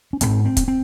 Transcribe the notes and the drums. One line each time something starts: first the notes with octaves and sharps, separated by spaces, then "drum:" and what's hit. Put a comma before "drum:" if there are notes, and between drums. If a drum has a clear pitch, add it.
C#4
G#1 G#2 C4, drum: hi-hat
C4
drum: kick, hi-hat
C4